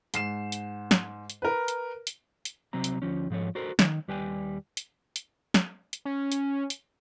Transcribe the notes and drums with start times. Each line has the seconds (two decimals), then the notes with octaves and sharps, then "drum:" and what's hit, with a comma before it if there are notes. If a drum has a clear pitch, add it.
0.14 G#2 C7 E7, drum: hi-hat
0.52 drum: hi-hat
0.91 drum: snare
1.30 drum: hi-hat
1.42 A#4 B4
1.68 drum: hi-hat
2.07 drum: hi-hat
2.45 drum: hi-hat
2.73 C2 C3 F#3 C4 A#5
2.84 drum: hi-hat
3.02 D2 F3 C#4
3.30 G#2 F3 A4 C#5
3.55 F#4 A4 A#4 C5
3.79 D#3, drum: snare
4.08 D#2 G3 B4 G5 G#5
4.77 drum: hi-hat
5.16 drum: hi-hat
5.54 drum: snare
5.93 drum: hi-hat
6.05 C#4
6.32 drum: hi-hat
6.70 drum: hi-hat